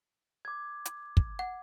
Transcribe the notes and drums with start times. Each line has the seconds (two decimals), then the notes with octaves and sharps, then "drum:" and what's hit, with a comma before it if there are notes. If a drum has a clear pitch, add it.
0.45 D6 G#6
0.85 drum: hi-hat
1.17 drum: kick
1.39 F#5